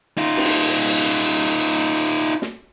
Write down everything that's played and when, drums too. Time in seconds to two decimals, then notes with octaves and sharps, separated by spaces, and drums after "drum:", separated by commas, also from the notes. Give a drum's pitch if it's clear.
0.18 D#4 F4
0.36 drum: cymbal
2.42 drum: snare